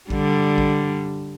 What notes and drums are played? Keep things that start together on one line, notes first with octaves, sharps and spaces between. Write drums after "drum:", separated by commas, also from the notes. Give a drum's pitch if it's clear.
D3 G3, drum: kick A1
drum: kick A1